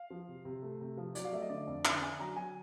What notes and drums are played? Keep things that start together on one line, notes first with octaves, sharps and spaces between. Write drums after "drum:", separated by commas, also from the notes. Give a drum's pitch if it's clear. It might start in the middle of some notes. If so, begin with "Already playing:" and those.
Already playing: F5
F3
C3
C3
A3
C3
F3
F#3 D5, drum: hi-hat
F5
A3 E5
D#5
D3 D5
F2
D3 E5, drum: clap
D3 G#5
F#3 A#5
F#3 G#5